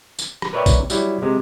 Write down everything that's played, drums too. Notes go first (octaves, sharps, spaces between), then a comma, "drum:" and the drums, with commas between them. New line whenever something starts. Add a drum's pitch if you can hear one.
drum: tambourine
drum: rim click
A#4 B4 C#5 D5 E5 G5
drum: kick B1, tambourine
F#3 G3 E4, drum: tambourine
C3 G#3